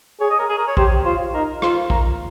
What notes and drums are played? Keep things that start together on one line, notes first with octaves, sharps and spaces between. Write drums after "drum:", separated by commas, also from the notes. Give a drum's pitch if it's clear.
G#4 C#5
D#5
A#4
G#4
A#4
C#5
G4 C5, drum: kick A#1
F4 C5
D#4 A#4
F4 C5, drum: rim click
A#4, drum: kick A#1